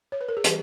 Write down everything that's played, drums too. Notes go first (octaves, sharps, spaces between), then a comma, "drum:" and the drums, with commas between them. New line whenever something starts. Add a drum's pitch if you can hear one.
C#5
B4
A#4
G#4
E3 G3 G4, drum: hi-hat